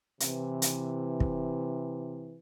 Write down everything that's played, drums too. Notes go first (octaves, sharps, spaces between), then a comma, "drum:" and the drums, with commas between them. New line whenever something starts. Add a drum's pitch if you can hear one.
C3 E3, drum: hi-hat
drum: hi-hat
drum: kick